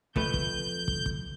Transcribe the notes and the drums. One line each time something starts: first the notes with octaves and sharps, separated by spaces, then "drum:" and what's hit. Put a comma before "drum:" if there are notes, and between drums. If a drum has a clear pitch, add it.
F2 A3 B4 G6, drum: kick
drum: kick
drum: kick
drum: kick